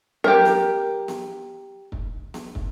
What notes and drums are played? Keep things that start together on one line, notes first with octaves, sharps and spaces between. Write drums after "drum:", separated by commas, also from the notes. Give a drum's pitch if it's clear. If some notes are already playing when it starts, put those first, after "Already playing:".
G4 A#4, drum: tom F#3
drum: snare B3
drum: snare B3
drum: kick
drum: snare B3
drum: kick